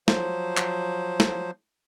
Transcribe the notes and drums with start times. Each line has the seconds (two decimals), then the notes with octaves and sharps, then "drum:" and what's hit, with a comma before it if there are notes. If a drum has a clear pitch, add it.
0.08 F3 F#3 C5, drum: snare
0.57 drum: clap
1.20 drum: snare